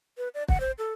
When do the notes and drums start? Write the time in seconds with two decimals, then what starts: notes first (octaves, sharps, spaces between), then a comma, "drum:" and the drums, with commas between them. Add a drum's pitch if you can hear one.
0.18 B4
0.34 D5
0.48 F#5, drum: kick
0.60 C5
0.79 A4